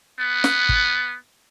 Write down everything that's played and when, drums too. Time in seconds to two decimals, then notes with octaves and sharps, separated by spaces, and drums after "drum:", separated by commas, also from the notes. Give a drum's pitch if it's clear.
0.19 B3
0.44 drum: snare
0.69 drum: kick